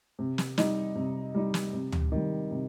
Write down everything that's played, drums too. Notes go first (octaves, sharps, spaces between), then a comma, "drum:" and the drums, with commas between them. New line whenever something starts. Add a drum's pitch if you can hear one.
C3
drum: snare
G3 D#4, drum: snare
C3
G3 D#4
drum: snare
C3
drum: tom
D#3 G3
C3